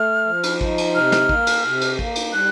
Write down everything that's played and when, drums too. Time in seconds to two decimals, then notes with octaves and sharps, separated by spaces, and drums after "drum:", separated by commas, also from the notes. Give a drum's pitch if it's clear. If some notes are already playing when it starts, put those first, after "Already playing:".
Already playing: A3 F6
0.26 F3
0.43 drum: cymbal
0.61 D#4, drum: kick A1
0.78 drum: cymbal
0.95 C3 F6
1.12 drum: snare
1.29 A#3, drum: kick A1
1.47 drum: cymbal
1.64 C3
1.81 drum: cymbal
1.99 A#3, drum: kick A1
2.16 drum: cymbal
2.32 G3 F#6